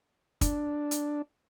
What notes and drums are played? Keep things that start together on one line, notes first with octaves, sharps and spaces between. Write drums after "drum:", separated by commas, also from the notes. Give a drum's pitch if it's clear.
D4, drum: kick, hi-hat
drum: hi-hat